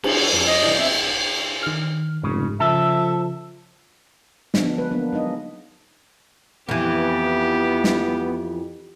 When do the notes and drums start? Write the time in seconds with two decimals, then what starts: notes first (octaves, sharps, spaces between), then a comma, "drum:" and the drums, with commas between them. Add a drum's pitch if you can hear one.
0.03 drum: cymbal
0.33 F2
0.47 D#5
0.63 C2 E3 D5
0.78 C4 E5
1.63 D#3 F6
2.23 F1 G#2 C#3
2.60 C#3 F3 A4 E5
4.54 D3 F3 G#3 B3 D4, drum: snare
4.78 B4
4.91 F#3 A#3 B3 D4
5.12 F#3 G#3 D#4 D#5
6.69 F2 E3 B3 G4
7.84 drum: snare